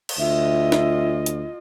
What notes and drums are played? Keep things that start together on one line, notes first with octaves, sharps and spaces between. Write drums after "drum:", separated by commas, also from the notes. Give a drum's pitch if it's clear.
drum: cymbal
D2 F4 D#5 E5
drum: snare
drum: hi-hat